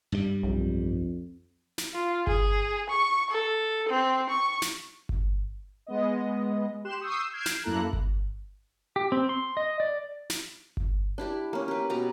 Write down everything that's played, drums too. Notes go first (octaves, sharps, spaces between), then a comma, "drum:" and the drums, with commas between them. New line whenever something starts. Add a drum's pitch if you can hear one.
G2 G3
B1 F2
drum: snare
F4
G#4, drum: kick G1
C#6
A4
C4
C#6
drum: snare
drum: kick G1
G#3 B3 D#5
G4 C6 F#6 E7
C#6 D#6 E6 G6 C7
F6 G6 G#6 C7 D7 E7
drum: snare
F#2 A#3 E4 A4 A#5 F#6
drum: kick G1
G4
C4
C6
D#5
D5
drum: snare
drum: kick G1
D4 E4 G4 D5
A#3 C#4
G4 B4
B2 G4 A#5